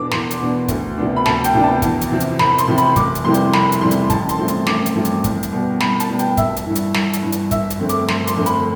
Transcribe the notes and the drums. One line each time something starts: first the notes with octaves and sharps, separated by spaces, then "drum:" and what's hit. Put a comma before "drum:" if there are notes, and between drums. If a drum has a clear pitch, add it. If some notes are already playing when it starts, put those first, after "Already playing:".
Already playing: E2 B2 B3 D4 D6
E2 C6, drum: snare
drum: hi-hat
B2 B3 D4
D2, drum: kick, hi-hat
C3 F3 B3 D4
B5
D2 A5, drum: snare
G5, drum: hi-hat
C3 F3 B3 D4
A5
E2, drum: kick, hi-hat
drum: hi-hat
C3 F3 C4
drum: hi-hat
E2 B5, drum: snare
C6, drum: hi-hat
C3 F3 C4
B5, drum: hi-hat
F1 D6, drum: kick, hi-hat
drum: hi-hat
F2 C3 E3 G3 C6
drum: hi-hat
F1 B5, drum: snare
drum: hi-hat
F2 C3 E3 G3 C6
drum: hi-hat
A1 A5, drum: kick, hi-hat
C6, drum: hi-hat
G2 F3 A3 C4
C6, drum: hi-hat
A1 D6, drum: snare
drum: hi-hat
G2 F3 A3 C4
drum: hi-hat
C2, drum: kick, hi-hat
drum: hi-hat
B2 G3 B3
C2 B5, drum: snare
A5, drum: hi-hat
B2 G3 B3
G5, drum: hi-hat
G1 E5, drum: kick, hi-hat
drum: hi-hat
G2 E3
drum: hi-hat
G1, drum: snare
drum: hi-hat
G2 E3
drum: hi-hat
G1 E5, drum: kick, hi-hat
drum: hi-hat
F2 D3 A3 C4
D6, drum: hi-hat
G1 C6, drum: snare
C6, drum: hi-hat
F2 D3 A3 C4
B5, drum: hi-hat